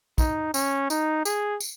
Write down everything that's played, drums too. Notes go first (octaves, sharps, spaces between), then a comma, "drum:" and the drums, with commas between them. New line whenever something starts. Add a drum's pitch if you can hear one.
D#4, drum: kick, tambourine
C#4, drum: tambourine
D#4, drum: tambourine
G#4, drum: tambourine
drum: tambourine